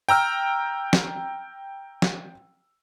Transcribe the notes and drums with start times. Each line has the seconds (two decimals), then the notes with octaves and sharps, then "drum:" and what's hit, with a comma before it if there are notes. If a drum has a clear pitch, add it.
0.09 G5 A#5 E6 F6
0.93 drum: snare
2.02 drum: snare